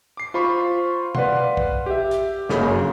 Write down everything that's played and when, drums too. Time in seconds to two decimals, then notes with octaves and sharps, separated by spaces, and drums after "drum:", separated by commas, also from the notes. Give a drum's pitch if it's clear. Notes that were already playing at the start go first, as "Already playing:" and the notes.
0.17 D6 C7
0.34 F4 C5 B5 C#6
1.15 B4 D5 F5 F#5 C6, drum: tom B2
1.57 drum: kick
1.86 G4 E5
2.11 drum: hi-hat
2.49 G1 C#3 A#3 B5, drum: snare
2.66 F#2